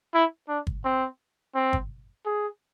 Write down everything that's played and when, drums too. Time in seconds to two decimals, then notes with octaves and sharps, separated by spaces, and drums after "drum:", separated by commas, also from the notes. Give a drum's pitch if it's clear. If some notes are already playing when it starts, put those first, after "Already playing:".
0.14 E4
0.48 D4
0.67 drum: kick G1
0.85 C4
1.55 C4
1.73 drum: kick G1
2.26 G#4